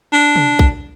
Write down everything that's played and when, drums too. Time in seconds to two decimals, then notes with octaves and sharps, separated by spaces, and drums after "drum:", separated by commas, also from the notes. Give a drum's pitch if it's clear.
0.12 D4
0.36 drum: tom
0.59 drum: kick A#1